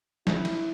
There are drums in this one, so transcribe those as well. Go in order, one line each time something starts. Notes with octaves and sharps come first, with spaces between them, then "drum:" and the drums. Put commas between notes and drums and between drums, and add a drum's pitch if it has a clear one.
E4, drum: snare
drum: cymbal